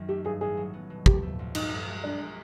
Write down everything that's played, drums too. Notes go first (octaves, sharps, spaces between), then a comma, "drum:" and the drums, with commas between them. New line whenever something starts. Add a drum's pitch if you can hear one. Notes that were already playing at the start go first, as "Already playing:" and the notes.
Already playing: F#2 D#3
A3 G4
G2 G#4
A1 G#4
F#3
B3
B2
F3 G4, drum: kick
A3
B1
G2 D#4, drum: cymbal
G2
G#3
G#3 D4
G#3